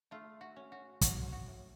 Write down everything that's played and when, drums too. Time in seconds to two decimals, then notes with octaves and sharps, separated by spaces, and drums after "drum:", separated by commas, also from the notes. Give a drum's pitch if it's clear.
0.11 A3 F4
0.41 F#4
0.56 C#4
0.72 F#4
1.01 F#3 F#4, drum: kick, hi-hat
1.32 F#4
1.47 A2